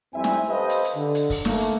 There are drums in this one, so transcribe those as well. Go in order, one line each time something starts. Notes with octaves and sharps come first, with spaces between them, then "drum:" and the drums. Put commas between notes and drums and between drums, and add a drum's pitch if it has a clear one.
F2 G3 C4 E4 E5 G#5
drum: snare
G4 A4 B4 C5 D#5 F5
drum: hi-hat
drum: hi-hat
D3
drum: hi-hat
drum: kick, open hi-hat
A3 A#3, drum: snare
drum: hi-hat